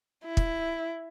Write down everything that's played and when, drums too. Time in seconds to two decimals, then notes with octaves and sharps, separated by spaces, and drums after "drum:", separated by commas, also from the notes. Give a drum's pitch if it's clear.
0.24 E4
0.37 drum: kick